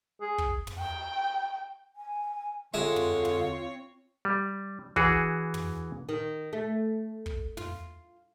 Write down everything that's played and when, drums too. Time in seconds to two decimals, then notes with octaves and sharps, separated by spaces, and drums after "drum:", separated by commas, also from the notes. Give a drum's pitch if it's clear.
0.21 G#4
0.38 drum: kick
0.67 drum: tom
0.79 G5
1.96 G#5
2.74 D3 G#3 C4 F4 C#5 E5
2.96 drum: tom
3.25 drum: tom
4.25 G3
4.96 E3 F#4 G#4, drum: kick
5.54 drum: tom
6.09 D#3
6.53 A3
7.26 drum: kick
7.57 F4, drum: tom